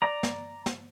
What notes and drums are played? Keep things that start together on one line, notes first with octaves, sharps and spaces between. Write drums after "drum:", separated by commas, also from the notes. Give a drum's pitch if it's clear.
D5 A#5
drum: snare
drum: snare